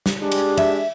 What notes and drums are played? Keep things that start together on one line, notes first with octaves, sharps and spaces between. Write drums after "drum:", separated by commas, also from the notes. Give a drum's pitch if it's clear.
drum: snare
G#3 D4 G4
drum: cymbal
E5, drum: cymbal